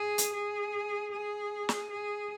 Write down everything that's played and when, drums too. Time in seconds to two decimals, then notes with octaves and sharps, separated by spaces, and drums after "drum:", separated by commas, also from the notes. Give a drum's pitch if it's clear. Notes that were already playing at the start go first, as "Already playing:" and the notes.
Already playing: G#4
0.18 drum: hi-hat
0.33 G#4
1.12 G#4
1.69 drum: snare
1.91 G#4